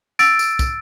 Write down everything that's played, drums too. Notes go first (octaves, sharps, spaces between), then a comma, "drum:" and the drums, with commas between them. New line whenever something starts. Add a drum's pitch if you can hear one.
E6 A6 D7, drum: tambourine
drum: tambourine
drum: kick, tambourine